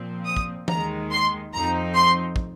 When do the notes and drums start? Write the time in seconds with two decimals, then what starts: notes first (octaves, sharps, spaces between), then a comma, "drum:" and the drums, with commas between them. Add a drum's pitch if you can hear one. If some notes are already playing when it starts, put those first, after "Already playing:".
Already playing: A#2 F3 C4
0.26 D#6
0.37 drum: kick
0.68 D#2 D#3 G#3 A#5, drum: tom E3
1.10 C6
1.53 F2 F3 C4 D#4 A#5
1.95 C6
2.36 drum: kick